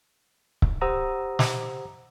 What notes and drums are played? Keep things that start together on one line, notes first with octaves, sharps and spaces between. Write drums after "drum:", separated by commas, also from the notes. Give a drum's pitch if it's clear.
drum: kick C#1
G4 C5 F#5 A#5 D#6 E6
drum: snare